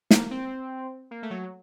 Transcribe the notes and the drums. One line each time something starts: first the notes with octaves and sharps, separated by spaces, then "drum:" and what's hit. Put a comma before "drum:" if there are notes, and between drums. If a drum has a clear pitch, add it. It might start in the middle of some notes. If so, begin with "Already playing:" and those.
A#3, drum: snare
C4
A#3
A3
F#3